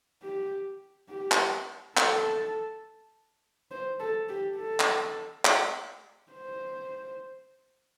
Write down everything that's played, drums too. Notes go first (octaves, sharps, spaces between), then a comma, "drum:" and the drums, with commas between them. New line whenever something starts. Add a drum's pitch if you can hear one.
G4
G4
drum: clap
A4, drum: clap
C5
A4
G4
A4
drum: clap
drum: clap
C5